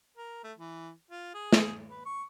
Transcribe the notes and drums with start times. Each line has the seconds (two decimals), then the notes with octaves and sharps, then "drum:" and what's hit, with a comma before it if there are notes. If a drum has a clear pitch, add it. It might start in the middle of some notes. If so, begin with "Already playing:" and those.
0.17 A#4
0.43 A3
0.58 E3
1.11 F4
1.34 G#4
1.53 drum: snare
1.90 B4
2.06 C#6